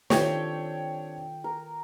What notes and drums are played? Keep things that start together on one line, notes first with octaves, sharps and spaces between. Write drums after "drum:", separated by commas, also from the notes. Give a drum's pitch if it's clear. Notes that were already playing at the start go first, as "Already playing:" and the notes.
D#3 C4 D4 F4 G4 A4 C#5 G5, drum: snare
A#4